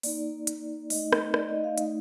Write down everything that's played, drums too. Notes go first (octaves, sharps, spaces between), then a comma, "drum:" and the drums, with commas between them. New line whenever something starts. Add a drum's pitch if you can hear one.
A#3 D#4 D5, drum: open hi-hat
drum: hi-hat
A3 D#4 D#5, drum: open hi-hat
drum: rim click
D5, drum: rim click
D#5
F5
A3 D#4, drum: hi-hat